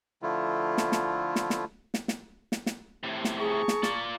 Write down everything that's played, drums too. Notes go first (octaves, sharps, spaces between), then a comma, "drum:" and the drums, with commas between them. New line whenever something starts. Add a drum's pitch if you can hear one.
D3 F3 A3 E4 F4
drum: snare
drum: snare
drum: snare
drum: snare
drum: snare
drum: snare
drum: snare
drum: snare
A2 C3
drum: snare
G#4 A5 A#5 C#6
drum: snare
F4 D5, drum: snare